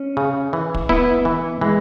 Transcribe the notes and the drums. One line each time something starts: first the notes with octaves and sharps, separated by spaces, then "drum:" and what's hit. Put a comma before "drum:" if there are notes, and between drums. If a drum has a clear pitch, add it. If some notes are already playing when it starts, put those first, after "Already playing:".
Already playing: C#4
C#3
E3
drum: kick
B3 E4
E3
E3 G#3